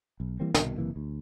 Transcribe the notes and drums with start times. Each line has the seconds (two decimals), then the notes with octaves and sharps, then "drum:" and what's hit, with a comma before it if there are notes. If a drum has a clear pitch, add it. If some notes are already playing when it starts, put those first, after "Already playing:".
0.20 B1
0.40 E3 G3 A#3 C4
0.54 C2 B2 D#3, drum: snare
0.77 F#1 C3 E3 A#3
0.96 D2